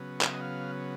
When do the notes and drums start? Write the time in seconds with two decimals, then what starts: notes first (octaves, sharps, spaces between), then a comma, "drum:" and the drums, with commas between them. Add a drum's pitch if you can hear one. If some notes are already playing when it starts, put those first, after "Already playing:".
Already playing: C#3 F#3 B3
0.21 F5, drum: clap
0.31 D#5
0.41 F5